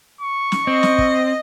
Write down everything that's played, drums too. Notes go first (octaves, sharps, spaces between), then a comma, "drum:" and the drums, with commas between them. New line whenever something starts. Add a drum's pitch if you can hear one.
C#6
drum: snare
C4 D#5
drum: snare
drum: kick